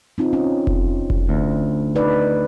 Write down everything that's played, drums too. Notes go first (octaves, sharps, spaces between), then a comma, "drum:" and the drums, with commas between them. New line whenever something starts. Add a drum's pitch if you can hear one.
C4 D#4 F4
C#4
drum: kick F1
drum: kick F1
D2
D#4 B4 D5